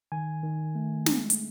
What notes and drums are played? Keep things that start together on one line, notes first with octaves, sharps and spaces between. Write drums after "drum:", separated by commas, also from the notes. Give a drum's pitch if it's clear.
D#3 G#5
D#3
A3
G#3, drum: snare
drum: hi-hat